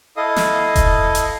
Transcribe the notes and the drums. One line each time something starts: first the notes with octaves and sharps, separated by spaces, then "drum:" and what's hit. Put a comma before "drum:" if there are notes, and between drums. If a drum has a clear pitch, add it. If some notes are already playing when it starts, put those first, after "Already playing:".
E4 A4 D#5 F5 D#6
drum: snare
drum: kick E1, hi-hat
drum: hi-hat